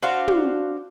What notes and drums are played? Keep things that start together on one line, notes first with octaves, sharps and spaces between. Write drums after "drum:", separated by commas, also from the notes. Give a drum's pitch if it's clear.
D4 F#4 C5 F5
drum: tom